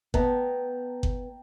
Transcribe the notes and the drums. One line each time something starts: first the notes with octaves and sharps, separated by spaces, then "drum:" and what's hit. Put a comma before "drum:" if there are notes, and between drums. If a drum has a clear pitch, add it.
B3 G5 A5 A#5, drum: kick G1
drum: kick G1